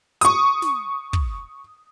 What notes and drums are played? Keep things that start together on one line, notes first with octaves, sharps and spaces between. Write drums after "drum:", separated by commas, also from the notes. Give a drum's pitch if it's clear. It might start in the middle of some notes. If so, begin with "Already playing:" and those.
C#6 D#6, drum: hi-hat
drum: snare
drum: kick